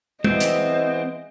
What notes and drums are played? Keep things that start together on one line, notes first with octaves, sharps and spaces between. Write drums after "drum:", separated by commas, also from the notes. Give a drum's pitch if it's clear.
E3 G#3 B3 C4 D#5, drum: tom
drum: hi-hat